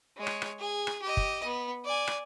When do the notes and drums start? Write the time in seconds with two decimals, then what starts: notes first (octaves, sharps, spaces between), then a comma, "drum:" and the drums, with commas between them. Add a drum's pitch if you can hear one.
0.17 G#3 C#5
0.27 drum: rim click
0.42 drum: rim click
0.59 G#4
0.87 drum: rim click
1.02 G4 D#5
1.17 drum: kick
1.45 B3
1.85 D5 G#5
2.07 drum: rim click